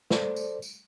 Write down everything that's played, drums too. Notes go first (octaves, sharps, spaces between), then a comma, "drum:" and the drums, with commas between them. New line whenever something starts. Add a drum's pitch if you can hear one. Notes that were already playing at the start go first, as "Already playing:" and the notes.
A4 C5 D5, drum: snare
drum: tambourine
drum: tambourine